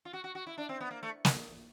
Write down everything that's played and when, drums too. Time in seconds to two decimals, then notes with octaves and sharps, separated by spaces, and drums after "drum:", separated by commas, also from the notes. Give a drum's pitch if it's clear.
0.05 F4
0.13 F#4
0.24 F#4
0.35 F#4
0.47 E4
0.58 D4
0.69 C4
0.81 B3
0.91 A#3
1.03 A3
1.25 drum: snare